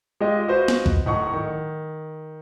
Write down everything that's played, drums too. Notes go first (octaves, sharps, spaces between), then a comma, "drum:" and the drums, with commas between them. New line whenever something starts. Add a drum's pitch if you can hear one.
G#3 F4 G4 D#5
F4 F#4 B4 C5 D#5
drum: snare
drum: kick C2
D1 A2 D#4 F#5 C#6
D#3